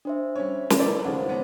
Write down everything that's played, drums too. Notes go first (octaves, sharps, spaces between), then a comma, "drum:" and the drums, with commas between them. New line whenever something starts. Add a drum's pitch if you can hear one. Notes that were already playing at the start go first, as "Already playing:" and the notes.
D4 C5 E5
G3 C#4 C#5
drum: snare
A3 E4 A#4 B4 D5
D#2 C#3 F3 C5 F#5
G#3 B3 C#4